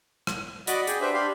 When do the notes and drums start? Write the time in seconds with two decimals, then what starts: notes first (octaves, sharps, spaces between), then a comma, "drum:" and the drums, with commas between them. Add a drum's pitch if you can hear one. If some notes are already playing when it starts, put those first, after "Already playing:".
0.27 drum: rim click
0.67 F#4 D5 D#5 F#5 B5 D6, drum: hi-hat
0.87 G#4 D5 G5, drum: hi-hat
1.01 D4 G4 B4 C5 E5
1.14 D4 G4 F5 B5 C6